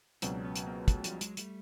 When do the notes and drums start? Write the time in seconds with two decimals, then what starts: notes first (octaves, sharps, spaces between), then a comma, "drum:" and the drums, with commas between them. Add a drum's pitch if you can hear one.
0.22 C#2 B2 F#3 C4 D4, drum: hi-hat
0.45 B3 C#4
0.56 drum: hi-hat
0.66 A#3 C4
0.88 A3 B3, drum: kick, hi-hat
1.04 F3 G3, drum: hi-hat
1.21 F#3 G#3, drum: hi-hat
1.37 G3 A3, drum: hi-hat